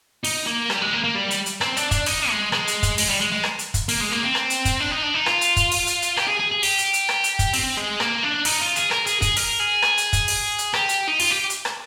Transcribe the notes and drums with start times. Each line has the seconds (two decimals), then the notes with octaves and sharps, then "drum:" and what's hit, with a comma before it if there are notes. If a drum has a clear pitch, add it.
0.25 D#4, drum: open hi-hat
0.47 A#3
0.70 G3, drum: rim click
0.81 G#3
0.93 A#3
1.04 A#3
1.15 G3
1.31 drum: hi-hat
1.46 drum: hi-hat
1.61 C4, drum: rim click
1.77 D4, drum: hi-hat
1.91 D4, drum: kick, hi-hat
2.06 D#4, drum: open hi-hat
2.30 G#3
2.52 G#3, drum: rim click
2.67 drum: hi-hat
2.83 drum: kick, hi-hat
2.98 G#3, drum: open hi-hat
3.09 G3
3.21 G#3
3.32 G#3
3.44 drum: rim click
3.59 drum: hi-hat
3.74 drum: kick, hi-hat
3.89 A#3, drum: open hi-hat
4.01 G#3
4.12 A#3
4.23 C4
4.35 drum: rim click
4.50 drum: hi-hat
4.65 drum: kick, hi-hat
4.81 D4
4.91 D#4
5.03 D4
5.15 D#4
5.26 F4, drum: rim click
5.41 drum: hi-hat
5.56 drum: kick, hi-hat
5.72 drum: open hi-hat
5.87 drum: hi-hat
6.02 drum: hi-hat
6.17 G4, drum: rim click
6.28 G#4
6.40 G#4
6.52 G#4
6.63 G4, drum: open hi-hat
6.78 drum: hi-hat
6.93 drum: hi-hat
7.09 drum: rim click
7.24 drum: hi-hat
7.39 drum: kick, hi-hat
7.54 C4, drum: open hi-hat
7.77 G#3
8.00 A#3, drum: rim click
8.23 D4
8.45 D#4, drum: open hi-hat
8.61 F4
8.76 G#4, drum: hi-hat
8.91 A#4, drum: rim click
9.06 G#4, drum: hi-hat
9.22 G#4, drum: kick, hi-hat
9.37 A#4, drum: open hi-hat
9.60 G#4
9.82 drum: rim click
9.98 drum: hi-hat
10.13 drum: kick, hi-hat
10.28 drum: open hi-hat
10.58 drum: hi-hat
10.74 G4, drum: rim click
10.89 drum: hi-hat
11.08 D#4
11.20 F4, drum: open hi-hat
11.31 G4
11.50 drum: hi-hat
11.65 drum: rim click